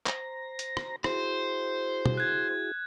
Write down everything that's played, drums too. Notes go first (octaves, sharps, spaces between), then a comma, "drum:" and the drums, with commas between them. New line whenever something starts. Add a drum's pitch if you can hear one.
C5 A#5 A#6, drum: clap
drum: hi-hat
drum: rim click
E4 F#4 G#4 C5, drum: rim click
drum: tom
F#6 G#6